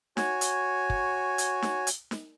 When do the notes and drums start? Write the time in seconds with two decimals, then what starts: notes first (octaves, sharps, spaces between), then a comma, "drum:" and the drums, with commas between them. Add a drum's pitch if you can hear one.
0.17 F#4 C#5 G#5, drum: snare
0.41 drum: hi-hat
0.90 drum: kick
1.38 drum: hi-hat
1.62 drum: snare
1.87 drum: hi-hat
2.11 drum: snare